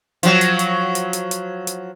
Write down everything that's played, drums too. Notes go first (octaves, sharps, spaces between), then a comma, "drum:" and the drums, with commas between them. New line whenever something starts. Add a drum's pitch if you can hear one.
F3 F#3, drum: hi-hat
drum: hi-hat
drum: hi-hat
drum: hi-hat
drum: hi-hat
drum: hi-hat
drum: hi-hat